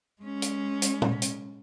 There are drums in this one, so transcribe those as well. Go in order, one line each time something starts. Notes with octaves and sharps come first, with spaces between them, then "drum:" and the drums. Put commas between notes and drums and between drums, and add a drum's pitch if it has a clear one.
G#3 C#4
drum: hi-hat
drum: hi-hat
drum: tom
drum: hi-hat